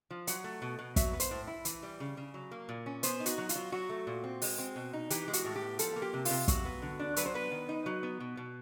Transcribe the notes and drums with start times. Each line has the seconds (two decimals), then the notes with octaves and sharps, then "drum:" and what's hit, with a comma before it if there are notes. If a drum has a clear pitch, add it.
0.11 F3
0.27 F#3 F#5, drum: hi-hat
0.44 A3
0.62 B2
0.79 B2
0.96 F#3 E5, drum: kick, hi-hat
1.13 B3
1.20 C5, drum: hi-hat
1.31 A2
1.47 E4
1.65 E3, drum: hi-hat
1.83 G3
2.00 C#3
2.17 C#3
2.34 F#3
2.51 A#3
2.69 A#2
2.86 C#4
3.03 B3 C5, drum: hi-hat
3.20 D#4
3.26 F#4, drum: hi-hat
3.38 F#3
3.49 F4, drum: hi-hat
3.55 F#3
3.72 F#3 F#4
3.90 A3
4.07 A#2
4.24 C4
4.42 G#3, drum: open hi-hat
4.59 C4
4.76 B2
4.93 D#4
5.10 E3 G4, drum: hi-hat
5.28 G#3
5.33 F#4, drum: hi-hat
5.45 A2
5.55 G4
5.61 B3
5.79 F3 A4, drum: hi-hat
5.96 A#3
6.02 G4
6.13 C3
6.25 C3 F4, drum: open hi-hat
6.48 F#3 F#4, drum: kick, hi-hat
6.65 B3
6.82 D3
6.99 D4
7.16 F#3 B4, drum: hi-hat
7.26 C5
7.34 B3 B4
7.51 D#3
7.69 D#4
7.86 F#3
8.03 B3
8.20 B2
8.37 B2